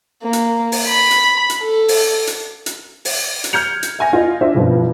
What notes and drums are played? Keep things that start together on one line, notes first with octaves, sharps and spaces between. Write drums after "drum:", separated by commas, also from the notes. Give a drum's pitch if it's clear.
A#3
drum: hi-hat
drum: open hi-hat
B5
drum: hi-hat
drum: hi-hat
A4
drum: open hi-hat
drum: hi-hat
drum: hi-hat
drum: open hi-hat
drum: hi-hat
F6 G6 G#6 C#7 F7
drum: hi-hat
E5 G#5 A#6
F4 D#5
D4 F4 C5 E5
F#1 G2 B2 F3